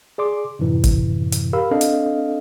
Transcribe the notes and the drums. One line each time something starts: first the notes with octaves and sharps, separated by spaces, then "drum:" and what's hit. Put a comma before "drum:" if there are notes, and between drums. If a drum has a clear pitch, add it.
G#4 D5 C6 D6
F#2 A2 C3 E3 E4
drum: kick G1, hi-hat
drum: hi-hat
G4 A#4 F5 B5 E6
C4 D4 A4 D#5 F5
drum: hi-hat